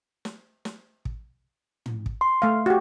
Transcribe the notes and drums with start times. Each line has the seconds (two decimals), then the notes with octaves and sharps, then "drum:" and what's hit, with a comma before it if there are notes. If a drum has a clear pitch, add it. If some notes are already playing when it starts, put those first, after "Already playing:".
0.25 drum: snare
0.65 drum: snare
1.05 drum: kick
1.86 drum: tom
2.06 drum: kick
2.21 C6
2.42 A3 F5
2.66 F#4 G4